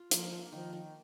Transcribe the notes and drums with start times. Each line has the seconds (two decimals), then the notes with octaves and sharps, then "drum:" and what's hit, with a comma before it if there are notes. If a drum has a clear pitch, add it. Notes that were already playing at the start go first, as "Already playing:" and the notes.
Already playing: F4
0.11 F3 A#3, drum: hi-hat
0.32 A#3
0.52 D#3 F3
0.73 D#3